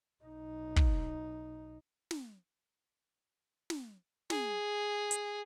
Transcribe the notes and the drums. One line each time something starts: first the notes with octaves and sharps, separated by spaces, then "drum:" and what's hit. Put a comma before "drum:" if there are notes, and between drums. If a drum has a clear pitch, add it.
B1 D#4
drum: kick
drum: snare
drum: snare
G#4, drum: snare
drum: hi-hat